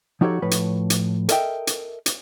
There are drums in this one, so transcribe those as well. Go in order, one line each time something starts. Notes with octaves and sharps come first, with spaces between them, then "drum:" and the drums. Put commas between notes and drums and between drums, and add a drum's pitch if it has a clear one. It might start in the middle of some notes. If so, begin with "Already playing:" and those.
F3 D#4 F#4 G4 A4 C#5
A2 F3 B4 C#5
drum: hi-hat
drum: hi-hat
A4 A#4 D#5 E5 G5, drum: hi-hat
drum: hi-hat
drum: hi-hat